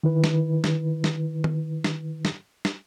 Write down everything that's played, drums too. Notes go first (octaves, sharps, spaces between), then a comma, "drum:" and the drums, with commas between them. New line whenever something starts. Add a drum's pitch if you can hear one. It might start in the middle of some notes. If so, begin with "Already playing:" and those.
D#3 E4 B4
drum: snare
drum: snare
drum: snare
drum: tom
drum: snare
drum: snare
drum: snare